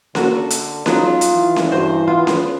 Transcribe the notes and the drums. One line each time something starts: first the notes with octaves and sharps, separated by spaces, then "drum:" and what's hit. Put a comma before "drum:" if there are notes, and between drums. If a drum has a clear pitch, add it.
D3 A#3 F#4 A4, drum: snare C#4
drum: hi-hat
F#3 B3 D#4 F4, drum: snare C#4
drum: hi-hat
E3
drum: snare C#4
G2 F#4 C5
B3 F4
drum: snare C#4